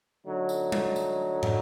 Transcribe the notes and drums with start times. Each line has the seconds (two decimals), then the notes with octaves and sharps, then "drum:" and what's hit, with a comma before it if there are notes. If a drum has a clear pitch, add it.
0.25 D3 F#3 A3 D#4
0.49 drum: tambourine
0.72 drum: tom
0.96 drum: tambourine
1.43 drum: tom